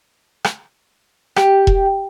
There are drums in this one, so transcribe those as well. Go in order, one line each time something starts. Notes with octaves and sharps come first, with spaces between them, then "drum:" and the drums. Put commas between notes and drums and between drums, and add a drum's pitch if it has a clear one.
drum: rim click
G4, drum: rim click
drum: kick E1